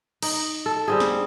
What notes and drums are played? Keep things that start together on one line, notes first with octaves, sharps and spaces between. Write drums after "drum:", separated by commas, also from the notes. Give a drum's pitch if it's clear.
D#4, drum: cymbal
A4
G3 C4 G#4
drum: snare